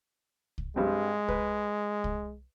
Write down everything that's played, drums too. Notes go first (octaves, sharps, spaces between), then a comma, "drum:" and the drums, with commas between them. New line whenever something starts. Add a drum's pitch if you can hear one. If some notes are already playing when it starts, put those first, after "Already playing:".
drum: kick C2
G2 G3 G#3 C4
B4, drum: kick C2
drum: kick C2